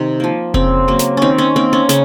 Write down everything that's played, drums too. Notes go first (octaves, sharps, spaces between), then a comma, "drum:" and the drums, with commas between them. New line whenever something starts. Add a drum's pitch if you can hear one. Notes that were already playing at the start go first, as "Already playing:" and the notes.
Already playing: C3 D#3
F3 A#3
C#3 C4, drum: kick F1
F#3 A#3
drum: snare
D#3 C4 C#4
C#4
A#3 C4
C#4
C#3 C#4, drum: snare